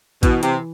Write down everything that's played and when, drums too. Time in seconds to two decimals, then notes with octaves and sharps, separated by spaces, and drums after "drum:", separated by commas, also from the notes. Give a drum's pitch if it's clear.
0.23 B2 E3, drum: kick A1, hi-hat
0.43 C3, drum: hi-hat